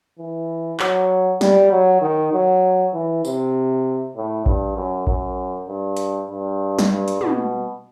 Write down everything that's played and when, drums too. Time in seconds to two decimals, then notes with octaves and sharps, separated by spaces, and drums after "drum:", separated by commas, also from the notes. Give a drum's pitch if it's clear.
0.19 E3
0.80 F#3, drum: clap
1.41 G3, drum: snare
1.71 F#3
2.01 D#3
2.33 F#3
2.93 E3
3.25 C3, drum: tambourine
4.16 A2
4.46 G2, drum: kick A1
4.76 F#2
5.07 F#2, drum: kick A1
5.69 G2
5.97 drum: hi-hat
6.29 G2
6.79 drum: snare
6.90 G2
7.08 drum: hi-hat
7.21 B2, drum: tom